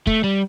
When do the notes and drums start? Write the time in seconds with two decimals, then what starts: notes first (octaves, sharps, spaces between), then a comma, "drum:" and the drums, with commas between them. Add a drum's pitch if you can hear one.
0.07 A3, drum: kick
0.24 G3